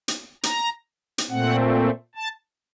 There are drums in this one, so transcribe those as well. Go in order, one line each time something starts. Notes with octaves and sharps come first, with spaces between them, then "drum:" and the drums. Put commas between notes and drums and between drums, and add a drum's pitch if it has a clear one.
drum: hi-hat
A#5, drum: hi-hat
drum: hi-hat
A#2 A3 C4 F#5
A5